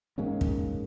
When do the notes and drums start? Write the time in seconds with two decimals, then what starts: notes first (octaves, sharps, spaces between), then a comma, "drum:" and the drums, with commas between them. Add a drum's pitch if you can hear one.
0.18 G#2 G#3 A#3 C#4
0.41 drum: kick